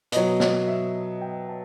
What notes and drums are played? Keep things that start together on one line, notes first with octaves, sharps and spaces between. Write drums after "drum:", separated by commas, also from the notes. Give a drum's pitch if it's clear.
B2 F#3 D#5, drum: hi-hat
D#5, drum: snare
E5
G5
A5